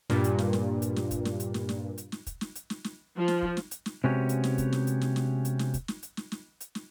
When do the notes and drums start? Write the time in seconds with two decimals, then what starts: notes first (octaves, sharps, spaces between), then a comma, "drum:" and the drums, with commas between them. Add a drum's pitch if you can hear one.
0.10 G2 A#2, drum: snare
0.24 drum: hi-hat
0.39 drum: snare
0.53 drum: snare
0.82 drum: hi-hat
0.96 drum: snare
1.11 drum: kick, hi-hat
1.25 drum: snare
1.40 drum: hi-hat
1.54 drum: snare
1.69 drum: snare
1.98 drum: hi-hat
2.12 drum: snare
2.27 drum: kick, hi-hat
2.41 drum: snare
2.56 drum: hi-hat
2.70 drum: snare
2.84 drum: snare
3.17 F3
3.28 drum: snare
3.42 drum: kick
3.57 drum: snare
3.71 drum: hi-hat
3.86 drum: snare
4.04 C3 G#3 B3 C#4 F#4 G4
4.29 drum: hi-hat
4.44 drum: snare
4.58 drum: kick, hi-hat
4.73 drum: snare
4.87 drum: hi-hat
5.01 drum: snare
5.16 drum: snare
5.45 drum: hi-hat
5.59 drum: snare
5.74 drum: kick, hi-hat
5.88 drum: snare
6.03 drum: hi-hat
6.17 drum: snare
6.32 drum: snare
6.61 drum: hi-hat
6.75 drum: snare